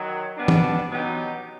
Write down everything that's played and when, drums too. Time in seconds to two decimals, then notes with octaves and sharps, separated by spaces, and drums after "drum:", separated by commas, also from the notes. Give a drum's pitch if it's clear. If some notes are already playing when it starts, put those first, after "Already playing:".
Already playing: D#3 F#3
0.36 B2 G3 B3 D4
0.48 drum: tom E3
0.89 B2 F#3 B3 D#4 G4